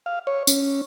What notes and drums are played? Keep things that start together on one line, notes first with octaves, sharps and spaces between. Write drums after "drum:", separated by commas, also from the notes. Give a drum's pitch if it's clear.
F5
C#5
C#4, drum: tambourine